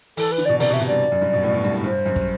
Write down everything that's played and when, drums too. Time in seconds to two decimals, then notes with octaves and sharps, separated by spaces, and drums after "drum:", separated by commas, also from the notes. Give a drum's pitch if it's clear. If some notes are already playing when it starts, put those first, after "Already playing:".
0.17 E3 A4, drum: open hi-hat
0.32 B4
0.38 D3
0.45 B2 D5
0.60 C3 D5, drum: open hi-hat
0.70 B2
0.73 E5
0.80 B2
0.87 G2 D5
1.12 F#2
1.21 G2
1.33 B2
1.43 A2
1.53 B2
1.64 G2
1.74 A2
1.84 G2 C5
2.05 F#2
2.16 drum: kick